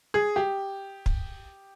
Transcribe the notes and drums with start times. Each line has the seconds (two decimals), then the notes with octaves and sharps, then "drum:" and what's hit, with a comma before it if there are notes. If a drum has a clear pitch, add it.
0.14 G#4
0.36 G4
1.06 drum: kick